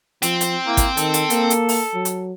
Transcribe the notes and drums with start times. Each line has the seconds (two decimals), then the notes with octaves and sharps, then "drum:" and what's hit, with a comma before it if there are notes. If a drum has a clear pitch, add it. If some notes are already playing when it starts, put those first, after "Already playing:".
0.22 F3 C4, drum: hi-hat
0.41 drum: hi-hat
0.67 A#3 E4
0.77 drum: kick G#1, hi-hat
0.97 D#3 A4, drum: hi-hat
1.14 drum: hi-hat
1.30 A#3, drum: hi-hat
1.50 drum: hi-hat
1.69 drum: open hi-hat
1.94 F#3
2.05 drum: hi-hat